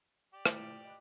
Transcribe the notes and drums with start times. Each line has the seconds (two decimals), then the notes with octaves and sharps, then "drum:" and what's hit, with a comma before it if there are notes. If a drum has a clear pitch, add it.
0.33 G4 D5
0.45 A3 E4 F4, drum: rim click
0.85 D#5 B5 F#6